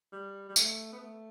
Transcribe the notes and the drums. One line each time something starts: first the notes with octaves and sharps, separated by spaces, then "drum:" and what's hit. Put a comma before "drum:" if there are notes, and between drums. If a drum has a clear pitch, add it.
G3
G3
A3, drum: tambourine
B3
A3